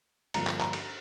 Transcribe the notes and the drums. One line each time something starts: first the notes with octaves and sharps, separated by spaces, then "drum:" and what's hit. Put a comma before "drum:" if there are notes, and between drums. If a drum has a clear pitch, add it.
G2 D3 F3 A#3 A#5, drum: cymbal
drum: clap
A#5, drum: clap
drum: cymbal